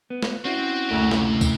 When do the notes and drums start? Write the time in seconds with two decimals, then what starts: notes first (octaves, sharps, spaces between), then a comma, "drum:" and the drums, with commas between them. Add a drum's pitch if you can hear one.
0.10 B3
0.23 drum: snare
0.45 C4 C#4 E4 F#4
0.89 F#1 D2 A3 G4 C#5
1.11 C3, drum: snare
1.41 drum: kick, tambourine